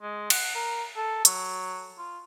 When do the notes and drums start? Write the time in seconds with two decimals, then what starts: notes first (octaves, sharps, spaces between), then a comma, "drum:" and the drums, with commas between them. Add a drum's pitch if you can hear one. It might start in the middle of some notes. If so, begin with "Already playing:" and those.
0.02 G#3
0.30 F#5, drum: cymbal
0.55 A#4
0.96 A4
1.25 F#3, drum: hi-hat
1.98 F4